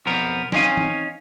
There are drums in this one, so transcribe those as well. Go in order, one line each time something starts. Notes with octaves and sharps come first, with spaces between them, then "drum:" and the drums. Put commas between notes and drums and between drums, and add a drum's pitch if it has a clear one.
B1 F2 B3 A#4 C5
C4 C#4 D#4 F5 G#5, drum: snare
drum: tom